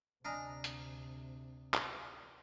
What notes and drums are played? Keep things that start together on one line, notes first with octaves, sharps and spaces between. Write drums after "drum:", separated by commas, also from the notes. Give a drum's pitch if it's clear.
D2 C3 D4 D#5 G#5 A#5 D#6 F6
drum: hi-hat
drum: clap